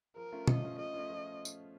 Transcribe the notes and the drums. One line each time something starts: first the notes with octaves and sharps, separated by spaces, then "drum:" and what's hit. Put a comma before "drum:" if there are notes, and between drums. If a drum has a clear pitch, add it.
F3 A#4
A3 C#4 F4
F3 D#5, drum: tom B2
A3 C#4 F4
F3 D#5
A3 C#4 F4
F3
drum: tambourine